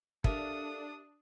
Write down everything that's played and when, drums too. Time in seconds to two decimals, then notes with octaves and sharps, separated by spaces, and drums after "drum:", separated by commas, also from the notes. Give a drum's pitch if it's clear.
0.24 D4 G4 A4 A#4 E5 F5 D#6, drum: kick